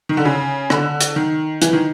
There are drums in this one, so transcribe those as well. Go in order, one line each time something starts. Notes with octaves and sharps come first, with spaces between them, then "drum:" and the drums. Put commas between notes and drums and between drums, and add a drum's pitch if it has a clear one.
D#3
D3
C#3
D3, drum: rim click
drum: hi-hat
D#3
E3, drum: hi-hat
D#3